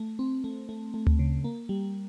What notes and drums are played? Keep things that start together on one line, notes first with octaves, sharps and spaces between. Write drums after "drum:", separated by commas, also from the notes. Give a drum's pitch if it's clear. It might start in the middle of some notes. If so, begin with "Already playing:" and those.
Already playing: A3
C4
A3
A3
A3
drum: tom D2
C#3
A#3
G3